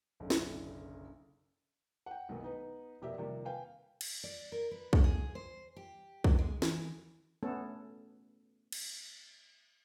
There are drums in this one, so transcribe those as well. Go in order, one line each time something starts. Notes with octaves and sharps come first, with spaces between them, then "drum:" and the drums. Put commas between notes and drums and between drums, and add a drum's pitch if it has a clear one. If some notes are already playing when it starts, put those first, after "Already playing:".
F#1 B1 D3
drum: snare
F#5 G5
B1 B2 D#3 A3
B3 D#4 B4
F1 B2 G4 A#4 D5 E5
C3 D#3 F3 G3 A#3
B4 F5 G5 G#5
drum: cymbal
D5
A#4
B4
drum: kick B1
G#4
C5
G4
D#3, drum: kick B1
G#3
E3, drum: snare
A3 B3 C#4 A4
drum: cymbal